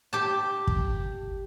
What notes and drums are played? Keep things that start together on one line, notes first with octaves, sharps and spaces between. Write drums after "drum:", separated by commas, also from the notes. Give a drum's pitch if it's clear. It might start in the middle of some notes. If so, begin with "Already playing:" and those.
G4 A5
drum: kick